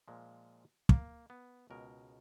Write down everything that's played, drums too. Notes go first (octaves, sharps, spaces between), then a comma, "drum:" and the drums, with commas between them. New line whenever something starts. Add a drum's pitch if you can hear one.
A#2 F3 G#3
A#3, drum: kick
B3
C#2 B2 G#3 A#4